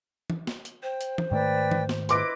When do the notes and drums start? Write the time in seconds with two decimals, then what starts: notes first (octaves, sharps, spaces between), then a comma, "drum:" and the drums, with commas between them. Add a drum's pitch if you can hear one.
0.30 drum: tom E3
0.47 drum: snare
0.65 drum: hi-hat
0.83 C5 G5
1.01 drum: hi-hat
1.18 drum: tom E3
1.31 G#2 D#3 A3 B4 D5 G5
1.72 drum: tom E3
1.89 drum: snare
2.09 E4 B4 D#5 C6 D6 D7, drum: hi-hat